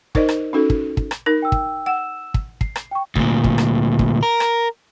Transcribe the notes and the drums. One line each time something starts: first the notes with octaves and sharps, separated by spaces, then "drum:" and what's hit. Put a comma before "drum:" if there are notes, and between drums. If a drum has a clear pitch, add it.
D#4 A#4 C5 D5 D#5, drum: kick
drum: rim click
C#4 D#4 F#4 A4
drum: kick
drum: kick
drum: rim click
D#4 A#4
G5 E6
drum: kick
F#5 E6 E7
drum: kick
C7, drum: kick
drum: rim click
G5 C#6
D2 A#2, drum: kick
drum: kick
drum: rim click
drum: kick
A#4
drum: rim click